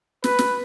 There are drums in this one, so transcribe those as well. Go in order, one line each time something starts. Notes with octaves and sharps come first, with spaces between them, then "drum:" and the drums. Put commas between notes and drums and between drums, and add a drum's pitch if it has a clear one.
B4, drum: snare
drum: snare